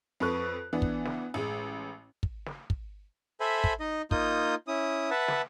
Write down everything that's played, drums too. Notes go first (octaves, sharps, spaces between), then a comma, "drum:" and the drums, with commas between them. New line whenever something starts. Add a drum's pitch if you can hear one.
F2 A4 B4 C#6 F#6
E3 B3 D4
drum: kick
drum: snare
A1 G#3
drum: kick
drum: snare
drum: kick
A4 C5 E5 G#5 B5
drum: kick
D#4 D#5
A#3 D#4 F4 D#6 G6, drum: kick
C#4 E4 D#6
B4 E5 F#5 A5
drum: snare